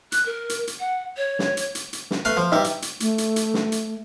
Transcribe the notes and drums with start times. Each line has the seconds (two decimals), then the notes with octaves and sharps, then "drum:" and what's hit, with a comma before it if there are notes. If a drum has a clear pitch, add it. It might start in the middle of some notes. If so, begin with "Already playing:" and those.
0.12 F#6, drum: hi-hat
0.26 A#4
0.49 drum: hi-hat
0.67 drum: hi-hat
0.80 F#5
1.17 C#5
1.39 drum: snare
1.57 drum: hi-hat
1.75 drum: hi-hat
1.93 drum: hi-hat
2.11 drum: snare
2.25 A3 B4 F5
2.37 F3
2.52 G2 G3 D#4 E5
2.64 drum: hi-hat
2.82 drum: hi-hat
3.00 A3, drum: hi-hat
3.18 drum: hi-hat
3.36 drum: hi-hat
3.54 drum: snare
3.72 drum: hi-hat